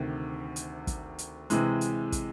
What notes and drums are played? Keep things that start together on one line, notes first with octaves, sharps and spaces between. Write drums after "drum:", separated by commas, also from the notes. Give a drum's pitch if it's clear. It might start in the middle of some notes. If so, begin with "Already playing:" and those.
Already playing: D2 C3 D#3
drum: hi-hat
drum: kick, hi-hat
drum: hi-hat
C3 E3 G#3, drum: hi-hat
drum: hi-hat
drum: kick, hi-hat